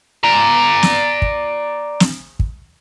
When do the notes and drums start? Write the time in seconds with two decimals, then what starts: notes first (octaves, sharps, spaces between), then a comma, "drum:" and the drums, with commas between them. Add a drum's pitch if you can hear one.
0.24 D5 A#5
0.83 drum: snare
1.22 drum: kick
2.00 drum: snare
2.39 drum: kick